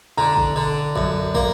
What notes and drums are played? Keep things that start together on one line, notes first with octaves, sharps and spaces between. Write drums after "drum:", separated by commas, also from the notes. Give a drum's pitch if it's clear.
D3 A#5
drum: kick
D3
F#2, drum: kick
A#3, drum: kick